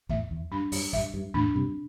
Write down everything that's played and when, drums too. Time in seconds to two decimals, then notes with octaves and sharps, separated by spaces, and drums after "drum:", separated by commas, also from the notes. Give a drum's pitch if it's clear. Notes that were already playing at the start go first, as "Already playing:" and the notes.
0.09 E2 A2 E5, drum: kick
0.31 E2
0.51 G2 D4
0.72 G2, drum: open hi-hat
0.93 G2 E5, drum: kick
1.14 G2
1.34 E2 A2 D4
1.55 G2 C3